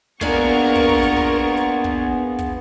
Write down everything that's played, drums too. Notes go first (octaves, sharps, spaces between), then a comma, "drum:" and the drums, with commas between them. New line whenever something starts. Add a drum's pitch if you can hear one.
A#3 B3 D4 F4 G#4 A#4 C#6, drum: kick, hi-hat
drum: kick, hi-hat
drum: kick
drum: hi-hat
drum: kick
drum: hi-hat
drum: kick
drum: kick, hi-hat